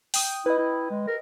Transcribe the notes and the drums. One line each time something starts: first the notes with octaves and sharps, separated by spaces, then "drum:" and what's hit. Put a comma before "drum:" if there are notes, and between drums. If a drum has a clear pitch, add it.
G5 D#6, drum: open hi-hat
E4 B4 D#5
E4
G#3
A#4